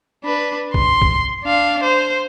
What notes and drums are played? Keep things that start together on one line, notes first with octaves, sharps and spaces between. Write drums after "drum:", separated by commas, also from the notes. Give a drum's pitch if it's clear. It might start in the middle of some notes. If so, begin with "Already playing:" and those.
D4 B4
C6, drum: kick B1
drum: kick B1
D4 F5
C5